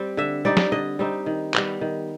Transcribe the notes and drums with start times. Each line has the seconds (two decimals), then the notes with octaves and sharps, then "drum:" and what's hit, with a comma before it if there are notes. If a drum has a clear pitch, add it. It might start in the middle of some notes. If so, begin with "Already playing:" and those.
Already playing: G3 C4
0.17 D3 E5
0.45 G3 C4 D#4 D5
0.57 drum: snare
0.72 D3 D#5
0.99 G3 C4 D#4
1.26 D#3
1.54 G3 B3, drum: clap
1.81 D#3